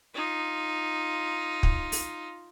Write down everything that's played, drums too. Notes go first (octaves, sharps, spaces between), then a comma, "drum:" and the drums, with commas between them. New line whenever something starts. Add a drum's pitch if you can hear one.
D#4 F4
drum: kick
drum: open hi-hat